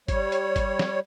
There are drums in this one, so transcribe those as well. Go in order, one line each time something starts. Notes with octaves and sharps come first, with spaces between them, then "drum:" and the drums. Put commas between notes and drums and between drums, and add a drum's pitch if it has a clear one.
G3 C#5, drum: kick G1, hi-hat
drum: hi-hat
drum: kick G1, hi-hat
drum: snare